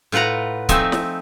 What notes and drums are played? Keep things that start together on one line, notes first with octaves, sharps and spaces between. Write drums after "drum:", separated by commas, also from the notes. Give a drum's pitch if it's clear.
A2 F4 B4 F#5 A#5
F3 A3 C4 D#4 E5 G#5, drum: kick C#1, hi-hat
drum: snare